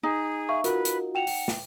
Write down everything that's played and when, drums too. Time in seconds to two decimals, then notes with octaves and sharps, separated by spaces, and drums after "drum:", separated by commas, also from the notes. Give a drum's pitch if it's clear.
0.03 D#4 G#4
0.49 E5 F5 C#6
0.64 F4 F#4 A#4 B4, drum: hi-hat
0.85 drum: hi-hat
1.15 F#5 G5 E7 F7
1.27 drum: open hi-hat
1.48 drum: snare